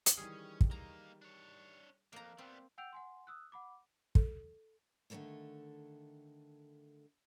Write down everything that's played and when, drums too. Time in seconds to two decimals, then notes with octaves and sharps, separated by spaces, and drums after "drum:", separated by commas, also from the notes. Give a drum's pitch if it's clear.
0.06 drum: hi-hat
0.17 D#3 E3 G3 C#4 G#4
0.61 drum: kick
0.71 A#3 D#4 A#5
1.22 D4 C#5
2.13 F2 A#3 A#5
2.38 G3 B3 C4
2.78 F#5 G5 E6 G6 D7 F7
2.93 F#5 G#5 C6
3.27 D#6 E6 F#6
3.52 F#5 B5 D6
4.15 A4, drum: kick
5.10 D3 D#3 A3 A#3 A4 C#5